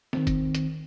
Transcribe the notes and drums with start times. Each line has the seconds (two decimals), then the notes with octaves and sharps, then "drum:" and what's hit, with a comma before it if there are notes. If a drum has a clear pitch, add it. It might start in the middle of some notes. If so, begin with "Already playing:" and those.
0.13 D#3 C4, drum: snare
0.27 drum: kick, hi-hat
0.55 drum: hi-hat